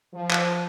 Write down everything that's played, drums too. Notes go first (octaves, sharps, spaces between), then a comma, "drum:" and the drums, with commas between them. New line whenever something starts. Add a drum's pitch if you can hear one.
F3
drum: clap